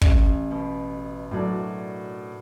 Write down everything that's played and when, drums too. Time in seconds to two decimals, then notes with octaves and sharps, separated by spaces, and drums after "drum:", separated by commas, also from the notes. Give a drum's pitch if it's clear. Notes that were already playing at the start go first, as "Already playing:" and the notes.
0.01 A1, drum: kick
0.51 B2
1.31 F#2 A2 F#3 D4 A5